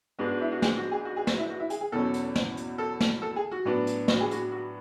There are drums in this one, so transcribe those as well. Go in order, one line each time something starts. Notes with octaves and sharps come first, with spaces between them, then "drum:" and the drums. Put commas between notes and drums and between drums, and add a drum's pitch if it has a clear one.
G#2 G#3 B3 D4 F#4
F#4
E4
F#4
G#4, drum: snare
F#4
G#4
F#4
G#4
F#4, drum: snare
E4
F#4
E4
G#4, drum: hi-hat
G#4
E2 B2 F#3 C#4 A4
drum: hi-hat
drum: snare
drum: hi-hat
A4
drum: snare
A4
G#4
F#4
A2 F#3 B3 D4
drum: hi-hat
F#4, drum: snare
G#4
F#4, drum: hi-hat
F#4